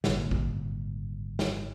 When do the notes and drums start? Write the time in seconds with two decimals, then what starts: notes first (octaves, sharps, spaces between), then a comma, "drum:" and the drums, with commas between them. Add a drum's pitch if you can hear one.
0.04 G#1 G2 A#2 D3, drum: snare
0.31 drum: kick
1.39 drum: snare